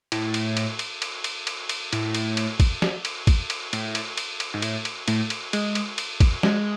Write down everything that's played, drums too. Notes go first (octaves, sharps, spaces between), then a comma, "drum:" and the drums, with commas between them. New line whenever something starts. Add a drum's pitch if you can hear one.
A2, drum: cymbal
drum: cymbal
drum: cymbal
drum: cymbal
drum: cymbal
drum: cymbal
drum: cymbal
drum: cymbal
A2, drum: cymbal
drum: cymbal
drum: cymbal
drum: kick, cymbal
drum: snare
drum: cymbal
drum: kick, cymbal
drum: cymbal
A2, drum: cymbal
drum: cymbal
drum: cymbal
drum: cymbal
G#2
A2, drum: cymbal
drum: cymbal
A2, drum: cymbal
drum: cymbal
G#3, drum: cymbal
drum: cymbal
drum: cymbal
drum: kick, cymbal
G#3, drum: snare